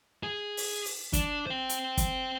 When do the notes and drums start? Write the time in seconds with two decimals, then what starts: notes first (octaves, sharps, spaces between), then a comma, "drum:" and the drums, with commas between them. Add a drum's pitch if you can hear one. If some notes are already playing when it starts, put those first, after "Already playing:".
0.23 G#4
0.57 drum: open hi-hat
0.85 drum: open hi-hat
1.13 D4, drum: kick, hi-hat
1.47 C5 G5
1.69 drum: hi-hat
1.97 drum: kick, hi-hat